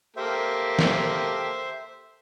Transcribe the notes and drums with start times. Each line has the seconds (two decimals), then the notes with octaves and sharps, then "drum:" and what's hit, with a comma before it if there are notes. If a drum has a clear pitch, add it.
0.17 A#3 G4 A4 C5 E5
0.79 drum: snare